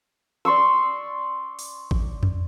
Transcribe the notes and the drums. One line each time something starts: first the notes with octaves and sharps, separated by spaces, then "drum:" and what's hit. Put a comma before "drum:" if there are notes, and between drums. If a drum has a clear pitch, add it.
D5 C6 C#6 E6
drum: open hi-hat
drum: kick A1
drum: tom F2